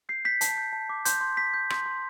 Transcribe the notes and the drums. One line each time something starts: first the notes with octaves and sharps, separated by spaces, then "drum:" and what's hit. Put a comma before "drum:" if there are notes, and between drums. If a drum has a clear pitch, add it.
G6 C7
G6 B6
A5, drum: hi-hat
G6
A5
D6
C6 G6, drum: hi-hat
C6
G6 B6
G6
C6, drum: rim click
C6